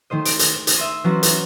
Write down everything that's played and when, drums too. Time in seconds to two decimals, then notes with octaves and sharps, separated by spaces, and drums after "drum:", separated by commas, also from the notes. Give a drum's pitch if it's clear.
0.10 D#3 A3 C5 D#5
0.25 D7, drum: hi-hat
0.39 drum: hi-hat
0.67 drum: hi-hat
0.77 E5 C6 D#6
1.04 E3 F#3 B3 C#4 F#4 C5
1.23 drum: hi-hat